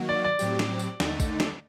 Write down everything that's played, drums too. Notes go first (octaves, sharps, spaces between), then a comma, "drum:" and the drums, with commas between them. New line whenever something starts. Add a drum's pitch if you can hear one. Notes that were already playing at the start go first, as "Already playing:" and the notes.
Already playing: D#3 F#3 A#3 F#4
D5
D5
A2 F#3 C4 G4, drum: tambourine
drum: snare
drum: tambourine
D#2 D3 A3 D#4, drum: snare
drum: kick, tambourine
drum: snare